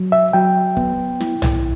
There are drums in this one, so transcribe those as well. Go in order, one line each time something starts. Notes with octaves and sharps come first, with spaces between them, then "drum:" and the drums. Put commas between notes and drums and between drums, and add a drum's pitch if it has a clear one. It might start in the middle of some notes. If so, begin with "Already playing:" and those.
Already playing: F#3
E5
F#3 G5
B3, drum: kick
E4, drum: snare
drum: tom B1